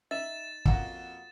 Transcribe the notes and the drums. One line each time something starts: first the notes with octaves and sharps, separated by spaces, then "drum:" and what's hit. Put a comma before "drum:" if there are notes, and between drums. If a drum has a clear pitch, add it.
D#4 E5 A6 E7
F2 A#3 F#4 F#5, drum: kick